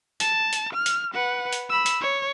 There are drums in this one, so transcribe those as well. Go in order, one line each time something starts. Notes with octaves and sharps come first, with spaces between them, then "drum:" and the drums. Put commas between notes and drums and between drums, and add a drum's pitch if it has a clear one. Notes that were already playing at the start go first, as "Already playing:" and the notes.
A5, drum: hi-hat
drum: hi-hat
F6
drum: hi-hat
B4 F#5
drum: hi-hat
B5 E6
drum: hi-hat
C#5